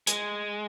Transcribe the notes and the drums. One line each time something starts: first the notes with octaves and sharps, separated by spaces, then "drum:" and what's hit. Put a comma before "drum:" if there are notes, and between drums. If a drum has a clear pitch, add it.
G#3, drum: hi-hat